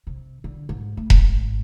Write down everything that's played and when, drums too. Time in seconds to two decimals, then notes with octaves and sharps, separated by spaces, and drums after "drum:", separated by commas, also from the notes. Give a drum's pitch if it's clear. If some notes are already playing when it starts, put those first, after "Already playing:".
0.07 C3
0.44 D3
0.69 G#2
0.97 A3
1.10 G#1 G#2, drum: kick E1